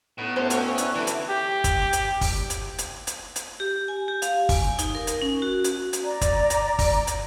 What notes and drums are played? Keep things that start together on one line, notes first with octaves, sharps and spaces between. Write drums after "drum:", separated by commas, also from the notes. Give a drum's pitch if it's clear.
A2 B3 D#4
G2 B2 A3 C#4 C5 C#5
A3 F#4 G4 E5, drum: hi-hat
D4 E4, drum: hi-hat
D3 E3
drum: hi-hat
G4
drum: kick, hi-hat
drum: hi-hat
drum: kick, open hi-hat
drum: hi-hat
drum: hi-hat
drum: hi-hat
drum: hi-hat
G4
G#5
G4
F5, drum: hi-hat
G#5, drum: kick, open hi-hat
D#4, drum: hi-hat
A#4
drum: hi-hat
C#4
F#4
drum: hi-hat
drum: hi-hat
D5 A#5
drum: kick, hi-hat
drum: hi-hat
drum: kick, open hi-hat
drum: hi-hat